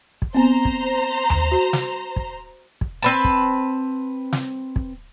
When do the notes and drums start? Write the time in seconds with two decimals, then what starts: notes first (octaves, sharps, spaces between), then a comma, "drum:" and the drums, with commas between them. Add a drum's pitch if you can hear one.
0.22 drum: kick
0.34 B3 C4 C5 A#5
0.65 drum: kick
1.30 drum: tom D#2
1.52 F#4
1.73 drum: snare
2.16 drum: kick
2.81 drum: kick
3.02 C4 B4 A5
3.24 drum: kick
4.33 drum: snare
4.76 drum: kick